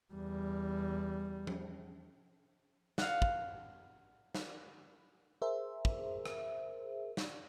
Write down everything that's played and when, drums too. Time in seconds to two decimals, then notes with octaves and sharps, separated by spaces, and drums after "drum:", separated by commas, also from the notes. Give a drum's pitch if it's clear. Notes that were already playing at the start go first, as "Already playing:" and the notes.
0.13 E2 G3
1.47 drum: tom F3
2.98 F5 F#5, drum: snare
3.22 drum: kick
4.35 drum: snare
5.42 G#4 A#4 C5 E5
5.85 drum: kick
6.26 drum: rim click
7.17 drum: snare